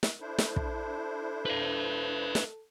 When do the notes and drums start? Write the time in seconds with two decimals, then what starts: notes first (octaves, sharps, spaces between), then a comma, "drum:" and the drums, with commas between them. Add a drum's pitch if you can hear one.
0.03 drum: snare
0.21 D4 E4 A4 C5
0.38 drum: snare
0.56 drum: kick
1.46 B4 F5
2.35 drum: snare